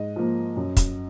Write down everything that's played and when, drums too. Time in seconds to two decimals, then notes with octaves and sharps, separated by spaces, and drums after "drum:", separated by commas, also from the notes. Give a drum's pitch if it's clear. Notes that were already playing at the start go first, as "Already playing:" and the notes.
Already playing: G#2 D#5
0.16 F3 A#3
0.57 F#2
0.77 drum: kick, hi-hat